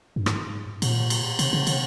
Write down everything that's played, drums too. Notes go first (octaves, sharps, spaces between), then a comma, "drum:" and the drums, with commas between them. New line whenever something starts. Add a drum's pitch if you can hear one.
G2
G#2, drum: rim click
A#2, drum: cymbal
drum: cymbal
C3, drum: cymbal
C#3
C3, drum: cymbal